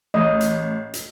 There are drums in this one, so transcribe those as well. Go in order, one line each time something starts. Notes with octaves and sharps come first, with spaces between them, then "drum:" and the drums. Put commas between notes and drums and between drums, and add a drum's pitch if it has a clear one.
A1 D#5
drum: hi-hat
drum: hi-hat